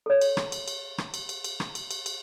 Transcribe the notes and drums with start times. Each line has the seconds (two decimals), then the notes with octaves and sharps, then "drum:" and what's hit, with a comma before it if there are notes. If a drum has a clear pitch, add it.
0.06 A4 C#5
0.21 drum: cymbal
0.37 drum: rim click
0.52 drum: cymbal
0.68 drum: cymbal
0.98 drum: rim click
1.14 drum: cymbal
1.29 drum: cymbal
1.44 drum: cymbal
1.60 drum: rim click
1.75 drum: cymbal
1.91 drum: cymbal
2.06 drum: cymbal